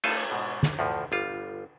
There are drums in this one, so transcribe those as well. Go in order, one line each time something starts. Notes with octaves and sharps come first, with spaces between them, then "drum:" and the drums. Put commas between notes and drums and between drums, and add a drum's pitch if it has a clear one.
A3 F4 A4 G#5 A5, drum: cymbal
G#2 B2
drum: snare
D2 A2 F3
G1 G3 F4